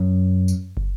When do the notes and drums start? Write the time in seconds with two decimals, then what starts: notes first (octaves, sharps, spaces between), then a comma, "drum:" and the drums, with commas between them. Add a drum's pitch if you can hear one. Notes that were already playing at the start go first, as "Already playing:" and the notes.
Already playing: F#2
0.48 drum: tambourine
0.77 drum: kick